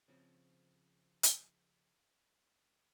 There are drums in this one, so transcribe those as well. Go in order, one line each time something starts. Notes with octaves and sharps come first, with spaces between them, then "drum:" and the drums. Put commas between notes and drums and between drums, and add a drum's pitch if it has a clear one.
C#3 F3 C4
drum: hi-hat